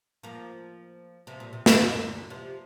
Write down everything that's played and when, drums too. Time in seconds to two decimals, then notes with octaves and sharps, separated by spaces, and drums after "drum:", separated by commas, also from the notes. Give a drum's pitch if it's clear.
0.23 F3 A#3
1.27 C3 F3
1.40 A#2
1.53 C3
1.66 A#2 D3, drum: snare
2.30 C3 F3